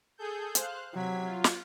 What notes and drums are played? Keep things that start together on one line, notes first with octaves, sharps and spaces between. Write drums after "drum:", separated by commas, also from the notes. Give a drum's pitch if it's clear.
G#4 A4 G6
C5 F5 F#6, drum: hi-hat
C3 F#3 G#6 B6
F4
drum: snare